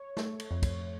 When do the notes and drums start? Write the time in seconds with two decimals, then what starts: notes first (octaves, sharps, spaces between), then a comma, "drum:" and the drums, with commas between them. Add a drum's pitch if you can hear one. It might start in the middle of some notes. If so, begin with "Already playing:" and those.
Already playing: C#5
0.17 A3, drum: snare
0.40 drum: cymbal
0.51 F2
0.63 drum: kick, cymbal